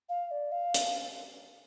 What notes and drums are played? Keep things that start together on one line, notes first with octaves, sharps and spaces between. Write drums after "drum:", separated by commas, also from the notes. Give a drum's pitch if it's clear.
F5
D5
F5
drum: hi-hat